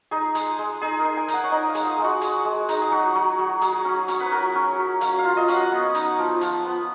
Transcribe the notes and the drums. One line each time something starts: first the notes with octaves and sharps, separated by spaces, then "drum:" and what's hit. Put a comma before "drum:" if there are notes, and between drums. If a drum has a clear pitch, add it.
D#4 G#4
G#3, drum: hi-hat
G#3
D#4 G#4
A#4
D#4
G#5
D#4, drum: hi-hat
F#5
C#5
D#4 D#5
F5
G#3, drum: hi-hat
G#4
G#3
F#4
G#3, drum: hi-hat
G#3
D#4, drum: hi-hat
G#4
F#3 F#4
F#3
F#3
F#3 G#4, drum: hi-hat
C#4
C#4 C#5, drum: hi-hat
B4
F#3 A#4
C#4
F#3
F#3 F5, drum: hi-hat
F5
F4
D#5
C#4, drum: hi-hat
F#5
B3
D#4, drum: hi-hat
F3
F3, drum: hi-hat
B3